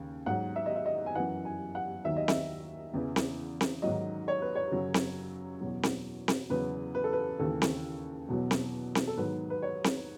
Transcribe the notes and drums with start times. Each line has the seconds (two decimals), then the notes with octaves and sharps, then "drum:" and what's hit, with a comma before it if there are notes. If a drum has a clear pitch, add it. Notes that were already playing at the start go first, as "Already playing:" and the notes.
Already playing: D#2 C#3
0.26 G#2 F#3 F#5
0.56 E5
0.66 D#5
0.76 E5
0.86 D#5
1.06 G#5
1.15 F#2 E3 F#5
1.45 G#5
1.75 F#5
2.04 D#2 D#3 F#3 E5
2.17 D#5
2.28 E5, drum: snare C4
2.94 E2 C#3 E3
3.16 drum: snare C4
3.61 drum: snare C4
3.82 G#2 D#3 F#3 D#5
4.28 C#5
4.42 B4
4.55 C#5
4.72 F#2 C#3 F#3
4.94 drum: snare C4
5.61 E2 B2 F#3
5.83 drum: snare C4
6.28 drum: snare C4
6.50 E2 C#3 F#3 B4
6.95 B4
7.04 A4
7.13 B4
7.39 D#2 C#3 E3 A4
7.62 drum: snare C4
8.29 E2 B2 F#3
8.51 drum: snare C4
8.95 drum: snare C4
9.07 A4
9.17 G#2 D#3 F#3 B4
9.50 B4
9.62 C#5
9.84 drum: snare C4